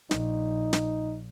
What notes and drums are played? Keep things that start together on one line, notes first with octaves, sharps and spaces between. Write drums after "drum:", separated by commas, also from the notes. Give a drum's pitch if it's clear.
A#1 D#4, drum: snare
drum: snare